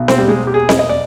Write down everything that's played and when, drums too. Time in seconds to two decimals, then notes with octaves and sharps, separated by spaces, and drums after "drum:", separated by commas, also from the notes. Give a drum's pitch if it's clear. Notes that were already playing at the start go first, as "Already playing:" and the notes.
Already playing: B1 B2
0.08 C4, drum: snare C4
0.18 G3
0.28 G#3
0.47 G4
0.54 G#4
0.69 D#5, drum: snare C4
0.79 D#5
0.89 D5